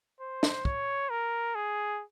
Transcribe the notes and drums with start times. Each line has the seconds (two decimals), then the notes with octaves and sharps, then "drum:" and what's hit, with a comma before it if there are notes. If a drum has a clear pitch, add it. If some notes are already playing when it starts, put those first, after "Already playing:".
0.20 C5
0.43 drum: snare
0.65 C#5, drum: kick
1.10 A#4
1.55 G#4